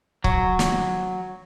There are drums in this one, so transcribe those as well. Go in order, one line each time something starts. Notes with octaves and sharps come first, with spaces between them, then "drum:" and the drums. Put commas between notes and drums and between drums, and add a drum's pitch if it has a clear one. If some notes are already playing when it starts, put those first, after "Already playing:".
F#3, drum: kick C#1
drum: snare